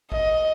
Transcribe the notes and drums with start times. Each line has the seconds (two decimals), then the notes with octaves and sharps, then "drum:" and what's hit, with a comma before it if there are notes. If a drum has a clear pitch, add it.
0.12 D#5, drum: kick